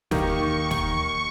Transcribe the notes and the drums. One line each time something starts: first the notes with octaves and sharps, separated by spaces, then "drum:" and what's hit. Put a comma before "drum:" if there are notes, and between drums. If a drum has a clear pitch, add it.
D#2 D#3 A#3 D#4 G4 C#6, drum: snare
drum: snare